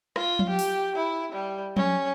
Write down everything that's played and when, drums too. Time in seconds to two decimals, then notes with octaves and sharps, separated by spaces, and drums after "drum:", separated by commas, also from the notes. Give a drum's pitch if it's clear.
0.16 F4, drum: rim click
0.39 drum: tom F3
0.50 G4
0.59 drum: open hi-hat
0.96 E4
1.33 G3
1.77 C#4, drum: tom F3